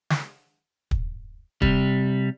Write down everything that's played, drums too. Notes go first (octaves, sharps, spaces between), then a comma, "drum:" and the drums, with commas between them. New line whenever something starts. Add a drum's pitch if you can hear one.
drum: snare
drum: kick
C3 G3, drum: kick